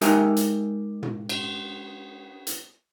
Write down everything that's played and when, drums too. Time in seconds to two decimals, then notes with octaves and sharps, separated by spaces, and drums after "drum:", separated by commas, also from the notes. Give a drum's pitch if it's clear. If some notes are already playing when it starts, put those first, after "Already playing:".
0.01 G#3 D#4 G4 A#4 E5 G#5, drum: hi-hat
0.37 drum: hi-hat
1.03 drum: tom
1.29 drum: cymbal
2.47 drum: hi-hat